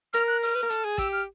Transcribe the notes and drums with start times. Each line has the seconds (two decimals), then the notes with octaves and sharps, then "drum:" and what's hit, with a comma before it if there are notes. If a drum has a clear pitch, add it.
0.13 A#4 F6, drum: hi-hat
0.28 F#6
0.43 F6, drum: open hi-hat
0.55 B4
0.63 A#4
0.70 A4, drum: hi-hat
0.85 G#4
0.98 G4 E6, drum: kick, hi-hat
1.13 F6